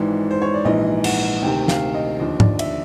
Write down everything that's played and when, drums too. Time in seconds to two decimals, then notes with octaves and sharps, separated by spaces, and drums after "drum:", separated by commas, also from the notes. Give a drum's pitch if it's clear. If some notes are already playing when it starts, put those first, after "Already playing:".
Already playing: G#1 G#2 E3 D5
0.31 C5
0.42 C#5
0.54 D5
0.65 A#1 G#2 E3 D#5
1.04 F#5, drum: cymbal
1.42 D2 C3 D#3 G5
1.68 F5, drum: snare
1.95 D#5
2.20 D#2 D3 F3 D#5
2.40 D5, drum: tom G#2
2.59 E5, drum: cymbal